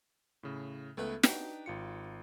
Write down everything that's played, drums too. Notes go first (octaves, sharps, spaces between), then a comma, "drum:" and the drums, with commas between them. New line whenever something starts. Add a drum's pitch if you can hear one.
A2 C#3
C#2 A3 B3 B4
D4 D#4 G4 B4, drum: snare
G#1 F4 C#7